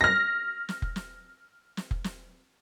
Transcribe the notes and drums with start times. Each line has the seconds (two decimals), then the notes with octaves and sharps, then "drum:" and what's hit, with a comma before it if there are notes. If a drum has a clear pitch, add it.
0.01 F6 A#6
0.69 drum: snare
0.82 drum: kick F1
0.96 drum: snare
1.77 drum: snare
1.91 drum: kick F1
2.04 drum: snare